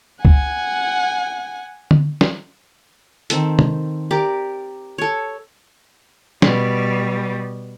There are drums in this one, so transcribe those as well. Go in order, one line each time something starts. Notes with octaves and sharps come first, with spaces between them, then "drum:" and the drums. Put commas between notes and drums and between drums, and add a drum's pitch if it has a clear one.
F#5 G#5, drum: kick C#2
drum: tom
drum: snare
D#3 C4 A4, drum: hi-hat
drum: tom
G4 A#4 D5
A4 C#5
B2 G3, drum: snare